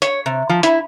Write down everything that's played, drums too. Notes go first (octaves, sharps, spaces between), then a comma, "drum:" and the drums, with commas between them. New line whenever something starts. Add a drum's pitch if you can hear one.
C#5, drum: hi-hat
C3
F3
E4, drum: hi-hat